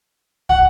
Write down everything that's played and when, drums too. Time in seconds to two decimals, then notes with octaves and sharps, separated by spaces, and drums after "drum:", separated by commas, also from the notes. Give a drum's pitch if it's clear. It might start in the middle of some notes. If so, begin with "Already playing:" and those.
0.49 F#5, drum: kick